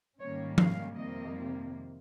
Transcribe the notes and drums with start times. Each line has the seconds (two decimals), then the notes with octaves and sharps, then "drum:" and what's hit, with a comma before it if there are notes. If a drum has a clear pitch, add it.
0.20 G#2 D#3 G3 A#3 C#4 C#5
0.58 F5, drum: tom F3
0.96 F2 C3 D#3 G3 A#3 D#5